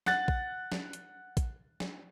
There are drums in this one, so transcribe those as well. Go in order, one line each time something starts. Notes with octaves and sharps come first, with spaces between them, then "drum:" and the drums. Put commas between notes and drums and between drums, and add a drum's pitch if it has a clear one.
F#5 F#6 A6, drum: snare
drum: kick A#1
drum: snare
drum: hi-hat
drum: kick A#1, hi-hat
drum: snare